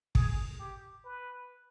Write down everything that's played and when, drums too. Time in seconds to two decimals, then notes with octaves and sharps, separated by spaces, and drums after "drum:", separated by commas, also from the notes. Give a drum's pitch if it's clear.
0.15 G#4, drum: kick
0.59 G4
1.04 B4